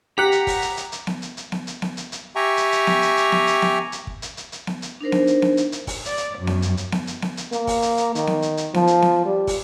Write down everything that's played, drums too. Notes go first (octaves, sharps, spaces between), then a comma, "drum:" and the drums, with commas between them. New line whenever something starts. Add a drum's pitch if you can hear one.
G4 F#5 A#5 B6
drum: hi-hat
drum: kick, open hi-hat
drum: hi-hat
drum: hi-hat
drum: hi-hat
drum: snare B3
drum: hi-hat
drum: hi-hat
drum: snare B3
drum: hi-hat
drum: snare B3
drum: hi-hat
drum: hi-hat
G4 E5 G5 G#5 A#5 C#6
drum: hi-hat
drum: hi-hat
drum: snare B3
drum: hi-hat
drum: hi-hat
drum: snare B3
drum: hi-hat
drum: snare B3
drum: hi-hat
drum: kick
drum: hi-hat
drum: hi-hat
drum: hi-hat
drum: snare B3
drum: hi-hat
D4 D#4 A#4 C5
drum: snare B3
drum: hi-hat
drum: snare B3
drum: hi-hat
drum: hi-hat
drum: kick, open hi-hat
D5, drum: hi-hat
drum: hi-hat
F#2
drum: snare B3
drum: hi-hat
drum: hi-hat
drum: snare B3
drum: hi-hat
drum: snare B3
drum: hi-hat
A#3, drum: hi-hat
drum: kick, open hi-hat
drum: hi-hat
drum: hi-hat
D#3, drum: hi-hat
drum: snare B3
drum: hi-hat
drum: hi-hat
F3, drum: snare B3
drum: hi-hat
drum: snare B3
G3
drum: kick, open hi-hat